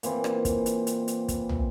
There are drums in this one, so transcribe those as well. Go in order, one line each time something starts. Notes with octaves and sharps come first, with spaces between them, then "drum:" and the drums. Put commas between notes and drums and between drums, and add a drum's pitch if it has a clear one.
A#2 E3 C4, drum: hi-hat
drum: rim click
drum: kick, hi-hat
drum: hi-hat
drum: hi-hat
drum: hi-hat
drum: kick, hi-hat
drum: tom